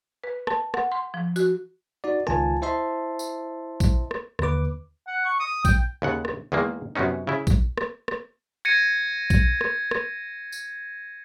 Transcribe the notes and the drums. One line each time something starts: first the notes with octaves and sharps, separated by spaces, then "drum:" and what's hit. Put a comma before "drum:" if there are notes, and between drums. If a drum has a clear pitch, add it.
B4
A5, drum: rim click
F#5, drum: rim click
C6
F3
F#4, drum: tambourine
D#4 F#4 D5
C#2 D#3 F4 G#5 A5, drum: rim click
E4 C5 D#5 E5 A5 C6
drum: tambourine
drum: kick A#1, tambourine
drum: rim click
D#2 D3 B4 D6, drum: rim click
F#5
C#6
D#6
G5, drum: kick A#1, tambourine
D#2 C#3 F#5
drum: rim click
E2 D#3 G#3 A#3
F#2 C3 B3 C#4 D#4
C#3 E4
drum: kick A#1, tambourine
drum: rim click
drum: rim click
G#6 A#6 C#7 D#7
drum: kick A#1, tambourine
drum: rim click
drum: rim click
drum: tambourine